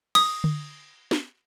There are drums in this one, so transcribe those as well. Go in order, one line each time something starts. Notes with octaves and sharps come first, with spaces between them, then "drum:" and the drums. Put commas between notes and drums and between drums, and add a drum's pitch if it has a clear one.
D#6, drum: cymbal
drum: tom D3
drum: snare